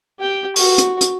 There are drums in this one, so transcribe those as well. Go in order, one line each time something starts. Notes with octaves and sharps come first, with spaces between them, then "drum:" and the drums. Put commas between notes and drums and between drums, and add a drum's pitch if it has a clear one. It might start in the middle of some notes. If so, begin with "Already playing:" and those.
G4 G5
F#4 C#6, drum: open hi-hat
drum: hi-hat
drum: hi-hat